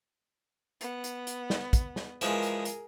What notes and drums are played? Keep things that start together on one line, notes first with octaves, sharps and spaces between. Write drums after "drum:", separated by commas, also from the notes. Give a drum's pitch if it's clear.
B3, drum: hi-hat
drum: hi-hat
drum: hi-hat
drum: snare
drum: kick, hi-hat
drum: snare
E3 F3 G#3 G#4 A#4, drum: hi-hat
drum: hi-hat
drum: hi-hat